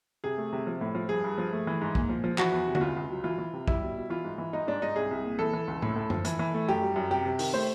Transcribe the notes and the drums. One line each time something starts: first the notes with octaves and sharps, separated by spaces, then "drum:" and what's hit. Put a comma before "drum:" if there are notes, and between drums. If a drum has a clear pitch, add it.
C3 G#4
A3
C3
F3
A2
F3
G2 G#4
G2
F3
A3
E3
G#2
A#2, drum: kick
F3
F3
E3 F#4, drum: clap
E2
C3
F#4, drum: tom D3
C#2 F4
C#2
F#3
E3 F4
E3
C3
G3 E4, drum: kick
B2
B2
E3 F4
G#2
E3
G#2 D#4
G#2 D4
G#2 D#4
C2 G#4
C2
A#2
E3 A4
E3
C#2
A2, drum: tom A2
A2
F3, drum: tom F#2
E3, drum: hi-hat
E3
A3
F#2 G4
G3
F#2
C3 G4
C3
D#3, drum: open hi-hat
A3 C5